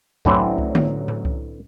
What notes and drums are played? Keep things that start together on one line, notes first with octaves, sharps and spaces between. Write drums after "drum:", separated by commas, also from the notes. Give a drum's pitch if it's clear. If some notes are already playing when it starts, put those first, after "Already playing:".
A1 D3 E3 F#3 C4, drum: kick C2
drum: kick C2
drum: tom D3
drum: tom A2
drum: kick C2